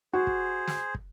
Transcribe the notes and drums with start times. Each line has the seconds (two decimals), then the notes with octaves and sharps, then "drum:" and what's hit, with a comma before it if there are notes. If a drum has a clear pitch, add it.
0.13 F#4 G#4 C5
0.27 drum: kick
0.68 drum: snare
0.95 drum: kick